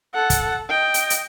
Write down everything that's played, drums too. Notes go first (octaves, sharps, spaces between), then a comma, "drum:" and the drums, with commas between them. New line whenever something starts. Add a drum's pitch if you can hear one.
A4 F#5
drum: kick, hi-hat
D#5 G5
drum: hi-hat
drum: hi-hat